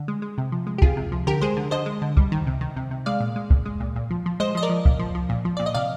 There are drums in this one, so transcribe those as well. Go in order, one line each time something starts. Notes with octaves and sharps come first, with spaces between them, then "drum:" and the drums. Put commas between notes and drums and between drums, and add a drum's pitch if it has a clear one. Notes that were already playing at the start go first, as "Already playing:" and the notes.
Already playing: D3
G#3
G#3
C3
F3
G#3
G4
C3 F4 G#4, drum: kick C2
C3
F3
D3 G4 A#4
G#3 G#4 C5
D3
D3 C5 D#5
G#3
D3
G3, drum: kick C2
D#3
C3
D#3
C3
C3
G#3 D5 F5
A#2
G#3
A#2, drum: kick C2
G#3
A#2
A#2
F3
F3
G#3 C5 D#5
F3 D#5
A#4 D5
F3
A#2, drum: kick C2
F3
F3
A#2
F3
A#2 D5
D#5
C3 D5 F5